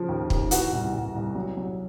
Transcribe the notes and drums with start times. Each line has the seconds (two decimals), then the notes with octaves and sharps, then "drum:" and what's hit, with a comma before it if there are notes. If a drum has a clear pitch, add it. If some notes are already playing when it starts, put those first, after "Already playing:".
Already playing: C#3 F3
0.09 D#2
0.30 D#2, drum: kick
0.51 E3 F#4, drum: hi-hat
0.72 C2
0.94 C2
1.15 C2
1.35 F#3
1.57 F#3